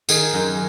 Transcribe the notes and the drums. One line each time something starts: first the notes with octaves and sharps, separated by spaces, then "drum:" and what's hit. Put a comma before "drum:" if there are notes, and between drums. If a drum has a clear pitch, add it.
D#3 G#4, drum: tambourine
F#2